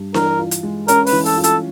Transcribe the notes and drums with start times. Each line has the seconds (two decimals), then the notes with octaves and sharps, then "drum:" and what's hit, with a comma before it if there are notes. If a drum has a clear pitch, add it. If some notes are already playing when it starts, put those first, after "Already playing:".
Already playing: G2
0.14 E3 A#4, drum: snare D4
0.39 F4
0.51 drum: hi-hat
0.63 G#3
0.88 C#4 A#4, drum: hi-hat
1.06 B4, drum: open hi-hat
1.12 E3
1.25 A4, drum: open hi-hat
1.37 F4
1.44 A4, drum: hi-hat